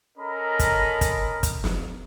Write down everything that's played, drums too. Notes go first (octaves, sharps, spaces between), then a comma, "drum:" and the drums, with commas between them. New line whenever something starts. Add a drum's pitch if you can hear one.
C#4 A4 A#4 D#5 A#5 B5
drum: kick, hi-hat
drum: kick, hi-hat
drum: kick, hi-hat
drum: snare